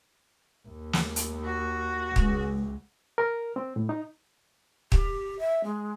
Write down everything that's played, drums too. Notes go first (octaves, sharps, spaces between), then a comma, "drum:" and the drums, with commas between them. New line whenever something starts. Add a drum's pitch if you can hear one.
D#2
drum: snare
drum: hi-hat
F#4
C#2 G#3, drum: kick
A#4
C4
A2
D#4
G4, drum: kick
E5
G#3